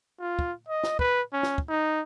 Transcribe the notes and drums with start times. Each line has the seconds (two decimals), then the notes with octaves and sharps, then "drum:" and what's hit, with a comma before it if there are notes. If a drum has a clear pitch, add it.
0.20 F4
0.39 drum: kick
0.69 D#5
0.83 drum: snare
0.99 B4, drum: kick
1.33 C#4
1.43 drum: snare
1.58 drum: kick
1.69 D#4